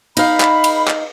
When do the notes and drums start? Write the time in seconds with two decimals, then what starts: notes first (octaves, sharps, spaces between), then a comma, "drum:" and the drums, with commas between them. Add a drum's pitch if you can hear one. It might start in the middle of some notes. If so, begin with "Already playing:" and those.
0.17 D#4 F5 B5, drum: cymbal
0.40 drum: clap
0.64 drum: cymbal
0.87 drum: clap